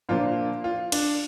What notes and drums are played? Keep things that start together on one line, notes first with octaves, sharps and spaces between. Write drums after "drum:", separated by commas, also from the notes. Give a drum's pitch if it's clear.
A#2 F3 A#3 D4 F4
F4
D4, drum: cymbal